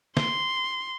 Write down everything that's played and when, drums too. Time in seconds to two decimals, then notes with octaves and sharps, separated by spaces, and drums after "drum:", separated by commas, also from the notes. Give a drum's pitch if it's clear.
0.17 C6, drum: snare